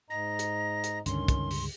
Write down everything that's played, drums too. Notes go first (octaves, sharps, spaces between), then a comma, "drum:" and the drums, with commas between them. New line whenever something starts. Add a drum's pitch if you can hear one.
G#2 D#5 A#5 A#6
drum: hi-hat
drum: hi-hat
C#2 G2 D3 D#3 C#4 C6, drum: hi-hat
drum: kick, hi-hat
drum: open hi-hat